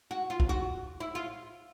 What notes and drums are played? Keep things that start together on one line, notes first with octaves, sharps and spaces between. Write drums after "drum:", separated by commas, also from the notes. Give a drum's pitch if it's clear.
F#4
F4
drum: kick
F#4
E4
F4